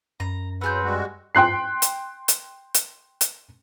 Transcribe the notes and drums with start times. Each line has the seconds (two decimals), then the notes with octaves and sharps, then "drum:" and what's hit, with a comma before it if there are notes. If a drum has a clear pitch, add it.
0.20 F#2 A#5
0.61 F#3 C4 G#4 B4 F#5 G6
0.84 G3 G#3 F#4
1.35 G5 C6 F#6 C7
1.82 drum: hi-hat
2.28 drum: hi-hat
2.74 drum: hi-hat
3.21 drum: hi-hat